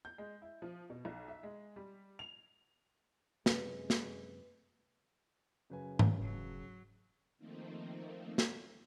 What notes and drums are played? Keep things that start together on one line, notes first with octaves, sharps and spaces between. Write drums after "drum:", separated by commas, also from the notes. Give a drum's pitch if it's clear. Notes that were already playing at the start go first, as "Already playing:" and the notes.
G6
G#3
E4
F3
B2
B1
E5
G#3
G3
F7
F#2 C3 G#3 B4, drum: snare
drum: snare
F#2 C#3 B4 G#5
drum: tom G#2
F1 F#3
D#3 F3 A3 A#3 C4 D#4
drum: snare